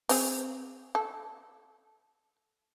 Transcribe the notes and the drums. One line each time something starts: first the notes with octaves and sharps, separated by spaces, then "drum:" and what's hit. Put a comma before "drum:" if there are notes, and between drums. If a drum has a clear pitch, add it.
C4 G#4, drum: open hi-hat
A4